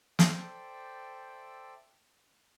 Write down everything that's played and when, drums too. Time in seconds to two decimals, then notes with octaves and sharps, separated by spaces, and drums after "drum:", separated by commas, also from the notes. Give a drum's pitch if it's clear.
0.19 A4 C5 D5 E5 G5, drum: snare